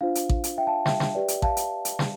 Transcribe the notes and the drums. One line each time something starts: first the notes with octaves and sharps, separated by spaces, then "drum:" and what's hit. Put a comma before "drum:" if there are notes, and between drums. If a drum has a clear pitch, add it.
D4 F4 C5 F5
drum: hi-hat
drum: kick A1
drum: hi-hat
E5 G5
F5 A5
E5 G5, drum: snare
drum: snare
G4 B4 D5
drum: hi-hat
F5 A5, drum: kick A1
drum: hi-hat
drum: hi-hat
drum: snare